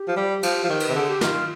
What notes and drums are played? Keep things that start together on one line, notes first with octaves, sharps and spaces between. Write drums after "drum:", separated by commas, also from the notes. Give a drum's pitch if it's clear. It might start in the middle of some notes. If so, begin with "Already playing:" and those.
Already playing: G4
F3
G3
F3, drum: cymbal
F3
D#3
B4, drum: cymbal
C3
D3 G#4
G4
D#3 F4, drum: snare